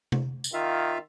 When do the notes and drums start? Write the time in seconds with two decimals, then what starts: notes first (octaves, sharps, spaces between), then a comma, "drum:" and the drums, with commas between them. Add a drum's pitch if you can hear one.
0.12 drum: tom C3
0.44 drum: tambourine
0.53 D#3 F4 E5 F5